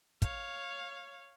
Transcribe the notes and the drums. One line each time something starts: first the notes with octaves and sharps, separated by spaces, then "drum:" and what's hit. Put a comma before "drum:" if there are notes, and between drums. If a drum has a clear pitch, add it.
C#5 F5, drum: kick, hi-hat